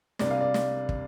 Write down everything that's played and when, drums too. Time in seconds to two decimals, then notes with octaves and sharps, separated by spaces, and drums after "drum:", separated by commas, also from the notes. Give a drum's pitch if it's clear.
0.19 C2 C3 G3 A#3 D4 D5, drum: snare
0.31 F5
0.41 D5
0.54 drum: snare
0.89 drum: kick